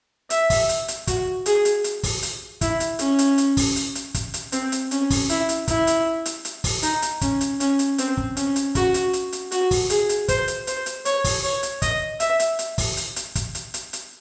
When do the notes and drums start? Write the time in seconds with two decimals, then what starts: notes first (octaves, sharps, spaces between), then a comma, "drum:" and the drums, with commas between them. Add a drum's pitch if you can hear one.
0.30 E5, drum: hi-hat
0.50 drum: kick, open hi-hat
0.69 drum: hi-hat
0.88 drum: hi-hat
1.07 F#4, drum: kick, hi-hat
1.46 G#4, drum: hi-hat
1.65 drum: hi-hat
1.84 drum: hi-hat
2.03 drum: kick, open hi-hat
2.23 drum: hi-hat
2.61 E4, drum: kick, hi-hat
2.80 drum: hi-hat
2.99 C#4, drum: hi-hat
3.19 drum: hi-hat
3.38 drum: hi-hat
3.57 drum: kick, open hi-hat
3.76 drum: hi-hat
3.95 drum: hi-hat
4.14 drum: kick, hi-hat
4.34 drum: hi-hat
4.52 C4, drum: hi-hat
4.72 drum: hi-hat
4.91 C#4, drum: hi-hat
5.10 drum: kick, open hi-hat
5.30 E4, drum: hi-hat
5.49 drum: hi-hat
5.68 E4, drum: kick, hi-hat
5.87 drum: hi-hat
6.26 drum: hi-hat
6.45 drum: hi-hat
6.64 drum: kick, open hi-hat
6.83 D#4, drum: hi-hat
7.02 drum: hi-hat
7.21 C#4, drum: kick, hi-hat
7.41 drum: hi-hat
7.60 C#4, drum: hi-hat
7.79 drum: hi-hat
7.98 C4, drum: hi-hat
8.17 drum: kick
8.37 C#4, drum: hi-hat
8.56 drum: hi-hat
8.75 F#4, drum: kick, hi-hat
8.94 drum: hi-hat
9.13 drum: hi-hat
9.33 drum: hi-hat
9.52 F#4, drum: hi-hat
9.71 drum: kick, open hi-hat
9.90 G#4, drum: hi-hat
10.09 drum: hi-hat
10.28 C5, drum: kick, hi-hat
10.48 drum: hi-hat
10.67 C5, drum: hi-hat
10.86 drum: hi-hat
11.05 C#5, drum: hi-hat
11.24 drum: kick, open hi-hat
11.44 C#5
11.63 drum: hi-hat
11.82 D#5, drum: kick, hi-hat
12.20 E5, drum: hi-hat
12.39 drum: hi-hat
12.59 drum: hi-hat
12.78 drum: kick, open hi-hat
12.97 drum: hi-hat
13.16 drum: hi-hat
13.35 drum: kick, hi-hat
13.55 drum: hi-hat
13.74 drum: hi-hat
13.93 drum: hi-hat